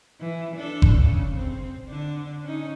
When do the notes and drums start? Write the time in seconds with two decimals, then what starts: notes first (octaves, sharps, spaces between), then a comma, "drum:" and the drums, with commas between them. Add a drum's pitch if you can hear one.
0.20 E3
0.56 D4 A4
0.82 drum: kick F#1
0.97 C#3
1.37 C4
1.89 D3 D4
2.44 C#4 D#4